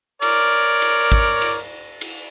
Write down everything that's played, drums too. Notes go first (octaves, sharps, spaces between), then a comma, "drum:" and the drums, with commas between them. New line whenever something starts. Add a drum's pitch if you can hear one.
A#4 C#5 D5, drum: cymbal
drum: cymbal
drum: kick
drum: cymbal
drum: cymbal